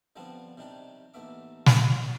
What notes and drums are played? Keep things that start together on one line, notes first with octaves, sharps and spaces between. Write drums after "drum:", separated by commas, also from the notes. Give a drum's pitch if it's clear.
D3 F3 G3 B3 C4 D4
C3 D#3 G3 D4 G4
A1 D#2 A3 B3 E5 D6
drum: snare